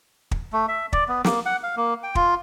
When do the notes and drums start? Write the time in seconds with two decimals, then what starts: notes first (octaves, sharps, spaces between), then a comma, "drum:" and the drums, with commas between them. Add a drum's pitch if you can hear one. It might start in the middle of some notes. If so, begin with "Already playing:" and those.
0.31 drum: kick
0.53 A3
0.68 E5
0.93 D5, drum: kick
1.08 B3
1.24 A#3, drum: snare
1.46 F#5
1.63 F5
1.77 A#3
2.03 G5
2.15 F4, drum: kick